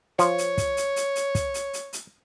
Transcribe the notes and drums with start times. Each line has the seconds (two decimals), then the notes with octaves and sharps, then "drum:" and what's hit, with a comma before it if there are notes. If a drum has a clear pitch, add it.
0.19 F3 C#5, drum: hi-hat
0.38 drum: hi-hat
0.58 drum: kick, hi-hat
0.77 drum: hi-hat
0.96 drum: hi-hat
1.15 drum: hi-hat
1.35 drum: kick, hi-hat
1.54 drum: hi-hat
1.73 drum: hi-hat
1.93 drum: hi-hat